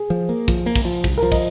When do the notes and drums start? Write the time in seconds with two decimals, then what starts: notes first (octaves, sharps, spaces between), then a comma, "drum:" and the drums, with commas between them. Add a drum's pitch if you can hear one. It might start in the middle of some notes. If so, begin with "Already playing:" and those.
Already playing: G#4
0.10 F3
0.29 A#3
0.48 F3, drum: kick, hi-hat
0.66 A#3
0.76 drum: kick, open hi-hat
0.85 F3
1.04 C2, drum: kick
1.18 A#4
1.23 F3
1.32 D#5, drum: kick, open hi-hat